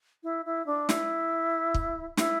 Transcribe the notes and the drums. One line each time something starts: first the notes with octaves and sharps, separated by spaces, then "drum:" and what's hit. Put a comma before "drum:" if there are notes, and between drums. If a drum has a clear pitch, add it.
E4
E4
D4
E4, drum: snare
drum: kick
E4, drum: snare